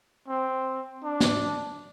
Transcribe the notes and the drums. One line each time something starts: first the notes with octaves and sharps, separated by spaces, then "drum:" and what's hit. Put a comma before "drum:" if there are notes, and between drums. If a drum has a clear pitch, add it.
C4
D4
drum: snare